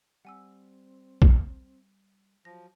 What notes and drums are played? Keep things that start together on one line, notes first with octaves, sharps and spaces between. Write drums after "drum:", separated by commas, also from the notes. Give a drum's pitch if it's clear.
G3 C4 F#5 G#5 E6
drum: kick
F3 F#3 A#6